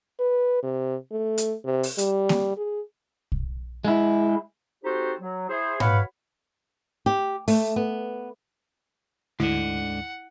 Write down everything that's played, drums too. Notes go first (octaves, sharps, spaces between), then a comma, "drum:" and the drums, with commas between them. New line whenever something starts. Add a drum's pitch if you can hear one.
B4
C3
A3
drum: hi-hat
C3
drum: open hi-hat
G3, drum: hi-hat
drum: snare A#3
G#4
drum: kick
G#3 E4
C4 D#4 F#4 G4 A4 C5
F#3
E4 G#4 C5
F#4 B4 C#5 F5 F#5 B5, drum: tom G#2
G4
A3, drum: open hi-hat
B3
D2 G#2 D3 E4 F#5